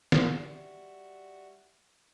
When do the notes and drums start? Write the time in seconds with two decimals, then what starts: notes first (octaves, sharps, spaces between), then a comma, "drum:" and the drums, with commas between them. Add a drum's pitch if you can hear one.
0.12 drum: snare
0.22 G3 F#4 E5 F#5